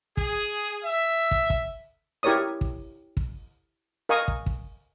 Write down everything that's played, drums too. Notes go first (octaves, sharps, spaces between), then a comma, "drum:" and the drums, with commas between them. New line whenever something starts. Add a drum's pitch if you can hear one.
G#4, drum: kick
E5
drum: kick
drum: kick
E4 G4 A#4 C#5 D5 D#6
drum: kick
drum: kick
A#4 D#5 F5 G#5 C#6 D#6
drum: kick
drum: kick